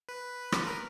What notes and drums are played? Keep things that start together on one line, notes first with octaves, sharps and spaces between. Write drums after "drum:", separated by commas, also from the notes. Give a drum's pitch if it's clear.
B4
drum: rim click
A#4